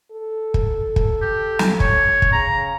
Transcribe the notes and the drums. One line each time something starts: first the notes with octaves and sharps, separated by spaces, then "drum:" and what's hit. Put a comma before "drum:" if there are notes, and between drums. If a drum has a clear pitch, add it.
A4
drum: kick
drum: kick
G4
drum: snare
C#5, drum: kick
drum: kick
C#3 A#5